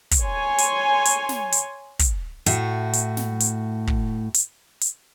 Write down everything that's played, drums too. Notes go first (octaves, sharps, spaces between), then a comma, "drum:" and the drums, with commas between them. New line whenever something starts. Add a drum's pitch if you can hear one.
drum: kick, hi-hat
C#5 G#5 C6
drum: hi-hat
drum: hi-hat
drum: snare
drum: hi-hat
drum: kick, hi-hat
A2 F#4, drum: hi-hat
drum: hi-hat
drum: snare
drum: hi-hat
drum: kick
drum: hi-hat
drum: hi-hat